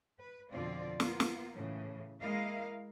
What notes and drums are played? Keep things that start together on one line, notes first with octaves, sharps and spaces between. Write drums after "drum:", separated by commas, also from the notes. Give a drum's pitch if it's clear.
B4
F2 B2 D3 C4 F4 D5
A#3 B3 F4, drum: snare
drum: snare
A2 C#3 E3
G#3 A#3 E4 A#4 D#5 F5